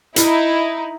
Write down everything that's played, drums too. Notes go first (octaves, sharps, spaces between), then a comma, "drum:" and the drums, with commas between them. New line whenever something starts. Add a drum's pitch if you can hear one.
D#4 E4, drum: hi-hat